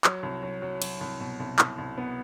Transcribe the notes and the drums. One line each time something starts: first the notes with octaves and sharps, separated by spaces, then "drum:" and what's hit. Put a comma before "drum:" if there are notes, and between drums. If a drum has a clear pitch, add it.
F#3, drum: clap
C2
F#3
F#3
F#3, drum: cymbal
C2
B2
C2
C2, drum: clap
C2
B3